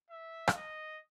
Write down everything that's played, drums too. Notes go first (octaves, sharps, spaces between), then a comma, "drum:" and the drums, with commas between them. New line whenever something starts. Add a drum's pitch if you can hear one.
E5
drum: rim click
D#5